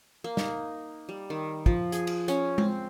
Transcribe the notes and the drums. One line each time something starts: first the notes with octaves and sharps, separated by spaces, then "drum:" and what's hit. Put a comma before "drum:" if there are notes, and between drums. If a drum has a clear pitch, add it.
A#3
D#4, drum: snare
G3
D#3
F3, drum: kick
G#4, drum: hi-hat
drum: cymbal
C#4, drum: hi-hat
C4, drum: tom G#3